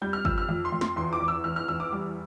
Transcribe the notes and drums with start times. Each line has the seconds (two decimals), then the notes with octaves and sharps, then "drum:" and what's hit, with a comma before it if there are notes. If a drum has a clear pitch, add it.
0.02 G3 G6
0.13 F6
0.25 F2 E6, drum: kick G1
0.38 F6
0.49 F2
0.65 C6
0.72 F2
0.81 C6, drum: snare
0.96 E2 C6
1.13 D6
1.20 E2
1.28 E6
1.44 E2 F6
1.56 F6
1.68 E2 E6
1.80 D6
1.92 G3